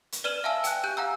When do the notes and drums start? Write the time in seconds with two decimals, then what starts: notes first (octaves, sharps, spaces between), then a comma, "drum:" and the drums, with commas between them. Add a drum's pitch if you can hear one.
0.12 drum: hi-hat
0.24 B4 D5 F6 D#7 E7 F#7
0.44 E5 F5 G#5 A5 E6
0.64 G5 F#6, drum: hi-hat
0.84 G4 G#5 F#6 G6
0.97 F5 F#5 A#5 E6